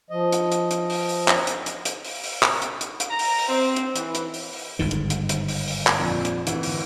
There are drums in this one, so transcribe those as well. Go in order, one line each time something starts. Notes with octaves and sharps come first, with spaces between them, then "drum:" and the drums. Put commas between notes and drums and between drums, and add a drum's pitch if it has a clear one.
F3 D#5
drum: hi-hat
drum: hi-hat
drum: hi-hat
drum: open hi-hat
drum: open hi-hat
drum: clap
drum: hi-hat
drum: hi-hat
drum: hi-hat
drum: open hi-hat
drum: open hi-hat
drum: clap
drum: hi-hat
drum: hi-hat
drum: hi-hat
A#5
drum: open hi-hat
drum: open hi-hat
C4
drum: hi-hat
E3, drum: hi-hat
drum: hi-hat
drum: open hi-hat
drum: open hi-hat
G1 G#2 D#3
drum: hi-hat
drum: hi-hat
drum: hi-hat
drum: open hi-hat
drum: open hi-hat
drum: clap
F2 A#2 D4
drum: hi-hat
G#1 D2 E3, drum: hi-hat
drum: open hi-hat